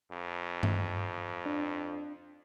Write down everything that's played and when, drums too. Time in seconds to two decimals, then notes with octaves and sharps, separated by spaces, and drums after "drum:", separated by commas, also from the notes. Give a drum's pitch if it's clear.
0.11 F2
0.63 drum: tom G2
1.46 D4